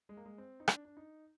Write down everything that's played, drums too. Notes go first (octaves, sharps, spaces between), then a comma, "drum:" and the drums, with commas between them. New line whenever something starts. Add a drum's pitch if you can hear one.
G#3
A#3
G#3
C4
D#4
D4, drum: rim click
D4
D#4